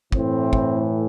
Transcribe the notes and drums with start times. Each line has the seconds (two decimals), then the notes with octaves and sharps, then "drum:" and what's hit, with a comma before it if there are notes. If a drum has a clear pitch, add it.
0.12 A2 E3 C4, drum: kick
0.53 drum: kick